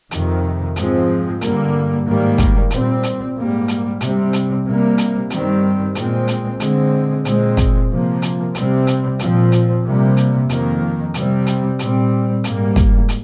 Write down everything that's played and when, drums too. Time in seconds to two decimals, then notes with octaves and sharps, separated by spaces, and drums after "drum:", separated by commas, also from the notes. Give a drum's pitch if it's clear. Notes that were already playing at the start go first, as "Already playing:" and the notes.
0.11 F2 C3 D#3, drum: hi-hat
0.76 G#2 F3 G#3 C4, drum: hi-hat
1.41 G2 D3 G3 A#3, drum: hi-hat
2.06 G#2 D#3 G3 A#3
2.38 drum: kick, hi-hat
2.70 A#2 G3 C4, drum: hi-hat
3.03 drum: hi-hat
3.36 G#2 G3 A#3
3.68 drum: hi-hat
4.01 C3 G3 C4, drum: hi-hat
4.33 drum: hi-hat
4.66 C3 G3 A#3
4.98 drum: hi-hat
5.30 G2 D#3 G3 C4, drum: hi-hat
5.95 A#2 G#3 C4, drum: hi-hat
6.28 drum: hi-hat
6.60 D3 G#3 C4, drum: hi-hat
7.25 A#2 G#3 C4, drum: hi-hat
7.57 drum: kick, hi-hat
7.90 C3 F3 A#3
8.22 drum: hi-hat
8.55 C3 G3 C4, drum: hi-hat
8.87 drum: hi-hat
9.19 A#2 F3 C4, drum: hi-hat
9.52 drum: hi-hat
9.84 C3 G3 A#3
10.17 drum: hi-hat
10.49 F2 D#3 A#3, drum: hi-hat
11.14 C3 G3 C4, drum: hi-hat
11.46 drum: hi-hat
11.79 A#2 G3 C4, drum: hi-hat
12.44 G#2 G3 A#3, drum: hi-hat
12.76 drum: kick, hi-hat
13.09 drum: hi-hat